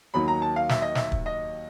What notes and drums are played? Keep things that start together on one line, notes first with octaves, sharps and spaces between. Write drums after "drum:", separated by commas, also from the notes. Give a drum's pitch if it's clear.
D#2 D#3 F#3 B5
A#5
A5
F5
E5, drum: snare
D#5
E5, drum: snare
drum: kick
D#5